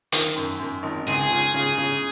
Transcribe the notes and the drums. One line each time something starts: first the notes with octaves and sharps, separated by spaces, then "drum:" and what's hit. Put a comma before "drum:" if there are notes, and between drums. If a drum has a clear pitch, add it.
D#3, drum: hi-hat
F#2
F#2
G#1
C#2 G#4
C#3
C#3
C#3